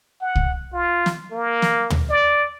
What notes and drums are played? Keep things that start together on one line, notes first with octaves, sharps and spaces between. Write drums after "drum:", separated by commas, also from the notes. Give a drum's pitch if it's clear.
F#5
drum: kick C2
F4
drum: snare
A#3
drum: snare
drum: tom
D5